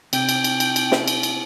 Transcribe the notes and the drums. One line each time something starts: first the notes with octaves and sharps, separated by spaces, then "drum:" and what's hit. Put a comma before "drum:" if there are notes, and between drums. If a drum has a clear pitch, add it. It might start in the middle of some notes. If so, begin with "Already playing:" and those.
C3 G5, drum: cymbal
drum: cymbal
drum: cymbal
drum: cymbal
drum: cymbal
drum: snare
drum: cymbal
drum: cymbal